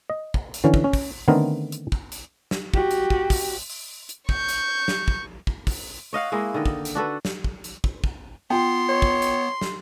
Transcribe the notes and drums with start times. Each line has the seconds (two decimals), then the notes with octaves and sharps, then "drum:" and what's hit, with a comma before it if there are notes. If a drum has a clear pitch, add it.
0.10 D#5
0.34 drum: kick
0.54 drum: hi-hat
0.64 D3 E3 C#4
0.74 drum: kick
0.84 C#4
0.93 drum: kick, open hi-hat
1.28 D3 D#3 A3 B3 C4 A#4
1.72 drum: hi-hat
1.92 drum: kick
2.12 drum: hi-hat
2.51 drum: snare
2.74 F#4 G4, drum: kick
2.91 drum: hi-hat
3.10 drum: kick
3.30 drum: kick, open hi-hat
3.70 drum: open hi-hat
4.09 drum: hi-hat
4.29 C#6 G6, drum: kick
4.49 drum: hi-hat
4.88 drum: snare
5.08 drum: kick
5.47 drum: kick
5.67 drum: kick, open hi-hat
6.13 C#5 D#5 F5 F#5
6.32 G#3 A#3 E4 D#5
6.54 D3 D#3 D#5
6.66 drum: kick
6.85 drum: hi-hat
6.95 D4 F#4 A4 B4
7.25 drum: snare
7.44 drum: kick
7.64 drum: hi-hat
7.84 drum: kick
8.04 drum: kick
8.50 B3 F4 G5 C6
8.89 C#5
9.02 drum: kick
9.22 drum: hi-hat
9.61 drum: snare